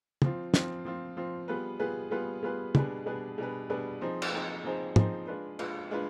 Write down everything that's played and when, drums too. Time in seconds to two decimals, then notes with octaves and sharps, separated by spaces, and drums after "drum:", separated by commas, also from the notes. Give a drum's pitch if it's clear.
0.22 F3 C4 F4, drum: tom
0.54 F3 C4 F4, drum: snare
0.85 F3 C4 F4
1.17 F3 C4 F4
1.48 G3 B3 F4 G#4 B4
1.80 G3 B3 F4 G#4 B4
2.11 G3 B3 F4 G#4 B4
2.43 G3 B3 F4 G#4 B4
2.75 B2 G3 D4 G#4 B4, drum: tom
3.06 B2 G3 D4 G#4 B4
3.38 B2 G3 D4 G#4 B4
3.70 B2 G3 D4 G#4 B4
4.01 F3 C4 D#4 G#4 C5
4.22 drum: cymbal
4.32 F3 C4 D#4 G#4 C5
4.64 F3 C4 D#4 G#4 C5
4.96 F3 C4 D#4 G#4 C5, drum: tom
5.27 G#3 D4 F4 B4
5.59 G#3 D4 F4 B4, drum: cymbal
5.91 G#3 D4 F4 B4